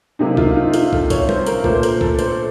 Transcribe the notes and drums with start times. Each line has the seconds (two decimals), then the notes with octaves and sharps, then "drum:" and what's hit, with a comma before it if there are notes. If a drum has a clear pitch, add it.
0.19 C3 F#3 A#3 D#4
0.37 F4, drum: kick
0.56 D#4
0.74 F4, drum: hi-hat
0.93 A4, drum: kick
1.10 C#5, drum: kick, hi-hat
1.29 C5, drum: tom
1.47 A#4, drum: hi-hat
1.64 A#2 A3 C5, drum: kick
1.74 C5
1.83 A#4, drum: hi-hat
2.01 A4, drum: kick
2.19 C5, drum: hi-hat